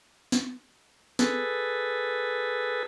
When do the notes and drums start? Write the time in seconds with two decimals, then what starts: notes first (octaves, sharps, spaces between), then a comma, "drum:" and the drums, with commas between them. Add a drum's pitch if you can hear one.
0.32 drum: snare
1.19 G#4 A4 B4, drum: snare